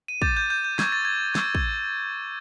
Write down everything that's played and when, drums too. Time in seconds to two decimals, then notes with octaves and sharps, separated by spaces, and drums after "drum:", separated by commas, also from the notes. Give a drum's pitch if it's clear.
0.08 D#7
0.22 D6 G6 A6, drum: kick
0.37 G6
0.50 G6
0.64 G6
0.79 C#6 E6 G6 G#6, drum: snare
0.92 A6
1.05 G#6
1.35 C#6 E6 G6, drum: snare
1.55 drum: kick